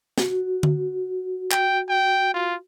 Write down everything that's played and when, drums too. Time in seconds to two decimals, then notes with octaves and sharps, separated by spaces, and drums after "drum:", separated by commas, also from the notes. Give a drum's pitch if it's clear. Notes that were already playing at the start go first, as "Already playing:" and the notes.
0.18 F#4, drum: snare
0.63 drum: tom D3
1.51 G5, drum: clap
1.90 G5
2.34 F4